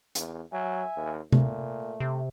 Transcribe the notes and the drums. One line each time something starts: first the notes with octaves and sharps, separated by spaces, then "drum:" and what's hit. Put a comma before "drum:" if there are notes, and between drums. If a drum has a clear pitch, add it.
E2, drum: hi-hat
F#3 E5 G#5
D#2
A#2 A3, drum: tom C3
C3